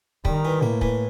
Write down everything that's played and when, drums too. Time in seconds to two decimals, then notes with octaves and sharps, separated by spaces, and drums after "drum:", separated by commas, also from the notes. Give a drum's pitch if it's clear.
0.25 D#3 G3, drum: kick
0.45 E3
0.63 A2 A#3
0.81 E3, drum: kick